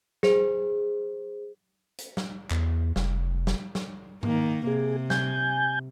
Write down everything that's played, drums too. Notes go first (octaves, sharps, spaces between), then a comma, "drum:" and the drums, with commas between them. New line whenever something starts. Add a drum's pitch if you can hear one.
G#4 C5, drum: snare
drum: hi-hat
drum: snare
E2, drum: clap
F1, drum: snare
drum: snare
drum: snare
D#3 A#3, drum: tom G#2
C3 G#4
G#5 G6, drum: snare